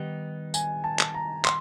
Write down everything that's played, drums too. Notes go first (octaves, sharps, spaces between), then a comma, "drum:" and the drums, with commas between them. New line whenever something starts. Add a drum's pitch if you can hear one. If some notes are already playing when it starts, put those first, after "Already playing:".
Already playing: D#3 G3 B3 D#4 G4
G#5, drum: tambourine
A5
drum: clap
A#5
C6, drum: clap